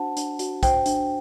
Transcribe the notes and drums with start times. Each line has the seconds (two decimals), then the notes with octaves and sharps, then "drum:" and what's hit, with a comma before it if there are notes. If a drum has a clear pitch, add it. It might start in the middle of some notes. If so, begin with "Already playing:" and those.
Already playing: D4 F#4 C5 F#5 A5
0.17 D4, drum: hi-hat
0.39 F#4, drum: hi-hat
0.63 C5 G5, drum: kick, hi-hat
0.86 D4, drum: hi-hat